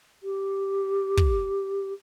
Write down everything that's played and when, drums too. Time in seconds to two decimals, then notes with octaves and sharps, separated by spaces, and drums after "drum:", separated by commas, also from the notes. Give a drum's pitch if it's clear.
0.23 G4
1.17 drum: kick